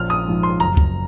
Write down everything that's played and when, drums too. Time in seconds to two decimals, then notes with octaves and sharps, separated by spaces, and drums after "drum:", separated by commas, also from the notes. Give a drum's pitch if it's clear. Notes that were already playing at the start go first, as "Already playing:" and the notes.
Already playing: A#1 F6
0.10 D#6
0.26 G#2 F3
0.43 C6
0.60 F#1 A#5, drum: hi-hat
0.77 drum: kick, hi-hat